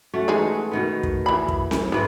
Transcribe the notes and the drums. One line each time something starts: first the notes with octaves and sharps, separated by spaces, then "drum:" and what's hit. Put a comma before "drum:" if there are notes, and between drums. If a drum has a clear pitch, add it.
A3 C#4 F#4
E3 G#3 D#4 G#4 F#5
B2 D#3 B3
drum: kick
E3 B5
drum: kick
drum: snare C4
G#2 E3 A#3 A4 B4